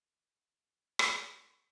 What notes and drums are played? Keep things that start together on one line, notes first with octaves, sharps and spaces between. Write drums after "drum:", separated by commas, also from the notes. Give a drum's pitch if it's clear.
A3
F#3
A3
A#3
D#4
drum: rim click